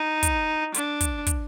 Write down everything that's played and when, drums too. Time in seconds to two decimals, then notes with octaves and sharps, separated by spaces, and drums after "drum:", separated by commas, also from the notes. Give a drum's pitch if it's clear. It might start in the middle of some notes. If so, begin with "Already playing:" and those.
Already playing: D#4
0.23 drum: kick, hi-hat
0.74 D4, drum: hi-hat
1.01 drum: kick, hi-hat
1.27 drum: kick, hi-hat